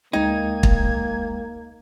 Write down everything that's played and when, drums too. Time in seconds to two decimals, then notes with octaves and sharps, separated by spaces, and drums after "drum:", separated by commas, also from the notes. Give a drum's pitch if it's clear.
0.13 D2 G#3 A#3 D#4 G5 G#6
0.63 drum: kick